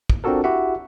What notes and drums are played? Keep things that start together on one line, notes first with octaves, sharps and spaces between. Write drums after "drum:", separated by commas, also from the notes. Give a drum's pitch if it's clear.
drum: kick
C4 D4 F4 F#4 A4 A#4
E4 F#4 G4 E5 F#5